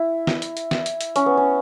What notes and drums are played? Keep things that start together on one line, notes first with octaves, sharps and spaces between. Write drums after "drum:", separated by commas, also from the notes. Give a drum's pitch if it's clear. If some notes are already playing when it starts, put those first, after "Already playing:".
Already playing: E4
drum: snare
drum: hi-hat
drum: hi-hat
drum: snare
drum: hi-hat
drum: hi-hat
C#4, drum: hi-hat
B3
C#4